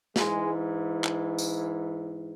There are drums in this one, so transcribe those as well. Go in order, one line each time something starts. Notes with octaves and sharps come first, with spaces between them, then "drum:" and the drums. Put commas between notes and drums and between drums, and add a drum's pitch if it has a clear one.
G#2 E3 G#3, drum: snare
drum: clap
drum: tambourine